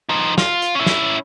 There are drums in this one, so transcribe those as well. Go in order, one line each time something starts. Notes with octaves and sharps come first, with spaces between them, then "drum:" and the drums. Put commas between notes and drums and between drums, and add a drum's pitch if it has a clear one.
F3 D#4
F4, drum: snare
drum: hi-hat
C#4 E4
drum: snare